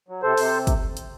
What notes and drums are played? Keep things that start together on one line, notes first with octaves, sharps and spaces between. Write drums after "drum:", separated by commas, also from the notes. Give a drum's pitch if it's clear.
F#3
C3 A4 C5
C3, drum: open hi-hat
drum: kick, hi-hat
drum: hi-hat